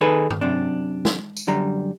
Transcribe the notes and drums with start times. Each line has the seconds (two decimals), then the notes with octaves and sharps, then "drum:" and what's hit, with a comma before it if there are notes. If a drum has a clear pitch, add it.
0.01 D#3 D#4 G#4 A4 B4
0.30 drum: tom G2
0.41 F#2 C3 D4
1.05 drum: snare
1.37 drum: tambourine
1.47 F#2 D3 G3 A#5